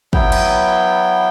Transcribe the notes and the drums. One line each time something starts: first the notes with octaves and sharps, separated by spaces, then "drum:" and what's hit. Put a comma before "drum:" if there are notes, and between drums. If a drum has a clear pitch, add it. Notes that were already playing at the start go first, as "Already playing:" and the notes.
F#3 B3 E4 G5, drum: kick
drum: cymbal